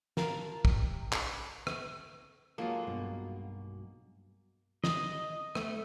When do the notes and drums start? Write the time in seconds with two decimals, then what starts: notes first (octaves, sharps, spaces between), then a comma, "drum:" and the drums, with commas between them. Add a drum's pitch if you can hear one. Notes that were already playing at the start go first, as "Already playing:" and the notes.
0.17 F4 A#4 A5, drum: snare
0.65 C3, drum: kick
1.12 drum: clap
1.67 drum: rim click
2.58 F#3 G#3 A#3 F4 A4
2.87 B1 G2 B2
4.84 D#5, drum: snare
5.55 A3, drum: rim click